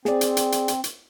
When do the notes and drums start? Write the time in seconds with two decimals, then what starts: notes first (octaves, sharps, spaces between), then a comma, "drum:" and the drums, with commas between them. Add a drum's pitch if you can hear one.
0.05 C4 G#4 D5, drum: snare
0.21 drum: hi-hat
0.37 drum: hi-hat
0.52 drum: hi-hat
0.68 drum: hi-hat
0.84 drum: hi-hat